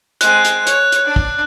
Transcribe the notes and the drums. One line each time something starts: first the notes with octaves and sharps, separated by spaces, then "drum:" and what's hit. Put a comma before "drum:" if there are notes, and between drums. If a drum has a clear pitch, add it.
G#3 C4 F#6, drum: hi-hat
drum: hi-hat
C#5, drum: hi-hat
drum: hi-hat
D4
drum: kick